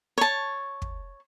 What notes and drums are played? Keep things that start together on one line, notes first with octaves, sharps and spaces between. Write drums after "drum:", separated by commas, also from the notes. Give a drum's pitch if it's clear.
C#5 A5
drum: kick